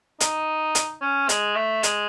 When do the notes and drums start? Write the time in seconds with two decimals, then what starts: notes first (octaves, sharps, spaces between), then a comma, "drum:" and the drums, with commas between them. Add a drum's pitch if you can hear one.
0.20 D#4, drum: hi-hat
0.75 drum: hi-hat
1.02 C#4
1.29 G#3, drum: hi-hat
1.56 A3
1.83 G#3, drum: hi-hat